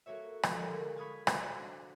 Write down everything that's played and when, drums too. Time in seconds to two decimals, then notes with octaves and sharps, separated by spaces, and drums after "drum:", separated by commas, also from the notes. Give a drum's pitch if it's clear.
0.06 A#3 F#4 A4 C#5 E5
0.43 F3 D4 A4 D#5, drum: rim click
0.59 D3 G#3 F4 G4 A#4 C#5
0.96 B5 C#6 D#6 F6 G#6 A6
1.27 F4 F#4 C5 D#5 F#5 B5, drum: rim click
1.60 D4